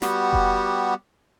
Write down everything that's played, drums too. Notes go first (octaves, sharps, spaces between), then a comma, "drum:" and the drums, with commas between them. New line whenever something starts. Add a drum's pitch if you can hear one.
G3 B3 F#4 G4, drum: snare
drum: kick F1